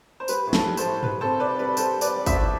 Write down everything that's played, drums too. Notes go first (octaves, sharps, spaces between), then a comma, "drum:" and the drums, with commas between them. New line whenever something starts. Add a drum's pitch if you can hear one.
C5
G3 B4, drum: tambourine
A2
A4, drum: snare
G3
A4 C5, drum: tambourine
A2
G3 B4, drum: tom G2
C3 A4 C5
C3 B4 D5
G3 B4
G3 A4 C5, drum: tambourine
G3
B4 D5, drum: tambourine
G3
C5 E5, drum: kick, tambourine
A2